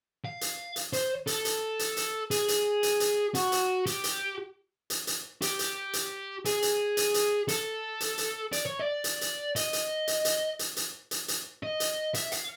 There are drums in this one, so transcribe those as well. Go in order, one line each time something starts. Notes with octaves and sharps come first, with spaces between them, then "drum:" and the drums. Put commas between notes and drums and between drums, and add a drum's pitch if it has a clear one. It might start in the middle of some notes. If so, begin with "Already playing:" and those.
F5
drum: hi-hat
drum: hi-hat
C5, drum: hi-hat
A4, drum: hi-hat
drum: hi-hat
drum: hi-hat
drum: hi-hat
G#4, drum: hi-hat
drum: hi-hat
drum: hi-hat
drum: hi-hat
F#4, drum: hi-hat
drum: hi-hat
G4, drum: hi-hat
drum: hi-hat
drum: hi-hat
drum: hi-hat
G4, drum: hi-hat
drum: hi-hat
drum: hi-hat
G#4, drum: hi-hat
drum: hi-hat
drum: hi-hat
drum: hi-hat
A4, drum: hi-hat
drum: hi-hat
drum: hi-hat
D5, drum: hi-hat
C#5
D5
drum: hi-hat
drum: hi-hat
D#5, drum: hi-hat
drum: hi-hat
drum: hi-hat
drum: hi-hat
drum: hi-hat
drum: hi-hat
drum: hi-hat
drum: hi-hat
D#5
drum: hi-hat
E5, drum: hi-hat
F5, drum: hi-hat